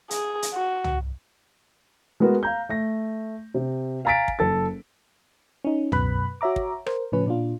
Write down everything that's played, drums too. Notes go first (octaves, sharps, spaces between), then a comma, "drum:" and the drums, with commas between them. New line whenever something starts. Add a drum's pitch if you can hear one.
G#4, drum: hi-hat
drum: hi-hat
F#4
drum: tom
G#3 B3 F#4 A#4
F5 A#5 G6
A3 A#6
C3
F5 G#5 A#5 A6 B6 D7
drum: kick
F#1 A4 A6
C#4 D#4
F#2 B2 B4 B5 F#6, drum: tom
F#4 C#5 E5 A#5 D6
drum: kick
A#4 C5, drum: rim click
A2 C#3 F3 C#4 B4
A#2 D4 F4